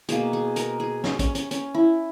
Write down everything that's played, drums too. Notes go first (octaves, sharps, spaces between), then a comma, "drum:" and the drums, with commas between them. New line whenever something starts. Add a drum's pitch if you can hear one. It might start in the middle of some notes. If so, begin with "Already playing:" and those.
B2 A#3 G#4, drum: hi-hat
G#4
A#4, drum: hi-hat
G#4
C#4, drum: snare
C#4, drum: kick, hi-hat
C#4, drum: hi-hat
C#4, drum: hi-hat
E4